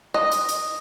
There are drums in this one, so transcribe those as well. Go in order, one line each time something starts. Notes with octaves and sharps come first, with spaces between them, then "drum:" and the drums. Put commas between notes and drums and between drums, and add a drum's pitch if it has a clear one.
D#5
drum: hi-hat
drum: hi-hat